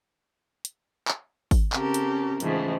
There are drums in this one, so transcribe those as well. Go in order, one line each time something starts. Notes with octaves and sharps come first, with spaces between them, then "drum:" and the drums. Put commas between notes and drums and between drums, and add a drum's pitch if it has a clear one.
drum: hi-hat
drum: clap
drum: kick G#1, open hi-hat
C#3 C4 C#4 G4 A4 A#4, drum: clap
drum: hi-hat
G#2 C#3 E3 F3 A3, drum: hi-hat